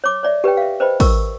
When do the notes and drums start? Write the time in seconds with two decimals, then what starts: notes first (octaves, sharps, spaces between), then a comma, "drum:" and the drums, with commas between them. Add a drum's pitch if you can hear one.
0.04 C#5 D6
0.23 C#5 D5 E5
0.44 G4 B4 C#5 G5
0.57 E5 F5
0.80 B4 C5 D#5 G5 B5
1.00 A#4 C#6 E6, drum: kick, open hi-hat